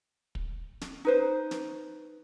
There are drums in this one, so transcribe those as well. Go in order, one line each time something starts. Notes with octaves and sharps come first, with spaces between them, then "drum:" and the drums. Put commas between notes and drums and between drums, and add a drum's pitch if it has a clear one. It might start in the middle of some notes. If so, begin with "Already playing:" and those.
drum: kick
drum: snare
D#4 B4 C5
drum: snare